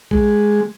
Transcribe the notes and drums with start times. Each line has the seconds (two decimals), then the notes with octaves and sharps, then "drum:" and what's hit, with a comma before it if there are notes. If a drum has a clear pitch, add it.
0.11 G#3, drum: kick